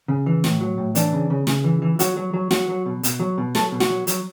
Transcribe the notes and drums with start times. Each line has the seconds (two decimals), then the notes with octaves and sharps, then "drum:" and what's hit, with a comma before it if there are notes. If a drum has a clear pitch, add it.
0.08 C#3
0.26 E3
0.44 A2, drum: snare
0.61 F#3
0.78 A2
0.95 E3 D4, drum: hi-hat
1.13 C#3
1.30 C#3
1.47 C#3, drum: snare
1.64 E3
1.82 E3
1.99 F#3 F#4, drum: hi-hat
2.17 F#3
2.33 F#3
2.51 F#3 F#4, drum: snare
2.69 F#3
2.86 B2
3.03 B2, drum: hi-hat
3.20 F#3
3.38 B2
3.55 F#3 A4, drum: snare
3.72 B2
3.80 F#4, drum: snare
3.89 F#3
4.07 F#3, drum: hi-hat